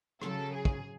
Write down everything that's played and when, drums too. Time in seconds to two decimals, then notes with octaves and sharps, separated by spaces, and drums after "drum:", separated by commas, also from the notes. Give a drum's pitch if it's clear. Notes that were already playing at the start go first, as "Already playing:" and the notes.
0.22 C#3 F#3 A4, drum: rim click
0.54 G#4
0.65 drum: kick